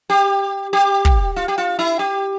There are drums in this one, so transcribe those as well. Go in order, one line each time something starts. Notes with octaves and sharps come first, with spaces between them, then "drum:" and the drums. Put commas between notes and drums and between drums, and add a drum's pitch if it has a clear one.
G4
G4
drum: kick
F4
G4
F4
E4
G4